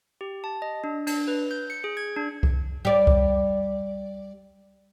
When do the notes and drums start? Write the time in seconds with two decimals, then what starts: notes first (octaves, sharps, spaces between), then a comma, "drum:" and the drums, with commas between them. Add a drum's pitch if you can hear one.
0.21 G4
0.44 A5
0.62 D#5
0.84 D4
1.07 D4, drum: cymbal
1.28 B4
1.51 G6
1.70 C#7
1.84 G#4
1.97 G#6
2.16 D4
2.43 drum: kick C2
2.85 G3 D5
3.07 drum: kick C2